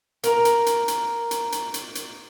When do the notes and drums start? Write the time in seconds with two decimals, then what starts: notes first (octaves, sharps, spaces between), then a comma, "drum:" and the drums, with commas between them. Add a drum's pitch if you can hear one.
0.23 A#4 A#5, drum: hi-hat
0.45 drum: hi-hat
0.66 drum: hi-hat
0.88 drum: hi-hat
1.31 drum: hi-hat
1.52 drum: hi-hat
1.74 drum: hi-hat
1.95 drum: hi-hat